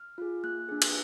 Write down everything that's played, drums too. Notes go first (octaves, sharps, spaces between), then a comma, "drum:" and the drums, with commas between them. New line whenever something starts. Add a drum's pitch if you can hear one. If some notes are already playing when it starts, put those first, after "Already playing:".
Already playing: F6
F4 G#4
A#3 F#6
D4 G#4
drum: cymbal